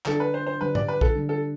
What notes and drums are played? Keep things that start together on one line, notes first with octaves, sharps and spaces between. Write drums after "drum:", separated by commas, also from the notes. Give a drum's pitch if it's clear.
D3 G3 D4 A4, drum: clap
B4
C5
C5
D3 G3 D4 B4
D5, drum: tom G#2
B4
A4, drum: kick
D3 G3 D4
A4